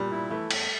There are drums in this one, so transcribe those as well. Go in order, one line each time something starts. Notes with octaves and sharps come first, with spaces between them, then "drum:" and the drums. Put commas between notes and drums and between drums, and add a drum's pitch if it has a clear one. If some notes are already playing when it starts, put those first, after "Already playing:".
Already playing: A#2 G3
E4
E3 A3
E2, drum: cymbal